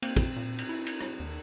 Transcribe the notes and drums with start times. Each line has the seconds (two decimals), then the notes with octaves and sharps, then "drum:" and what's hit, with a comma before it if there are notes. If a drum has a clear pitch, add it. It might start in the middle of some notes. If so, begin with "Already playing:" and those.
0.02 A#3 C4, drum: cymbal
0.16 drum: kick, cymbal
0.36 A#2
0.59 drum: cymbal
0.69 E4
0.87 drum: cymbal
1.01 drum: rim click
1.20 D#2